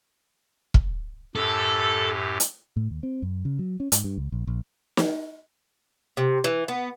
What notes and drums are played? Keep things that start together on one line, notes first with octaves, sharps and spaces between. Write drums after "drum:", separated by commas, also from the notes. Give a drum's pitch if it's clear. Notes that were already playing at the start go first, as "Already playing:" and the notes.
drum: kick
F#2 A2 G4 A4
drum: hi-hat
A2
D#2
C4
F#2
C#3
F#3
C#4
G#2, drum: hi-hat
G2
C#2
A#1
A#1
drum: snare
C3
E3
B3